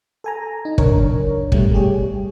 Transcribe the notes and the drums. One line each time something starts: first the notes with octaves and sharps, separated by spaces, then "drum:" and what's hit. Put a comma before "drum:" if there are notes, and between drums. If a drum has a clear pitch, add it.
A4 G#5 A#5
D#4
G#1 C#2 F#2 D4 A#4 C#5, drum: kick
B2 G3 A3, drum: kick
G3 G4 G#4 C#5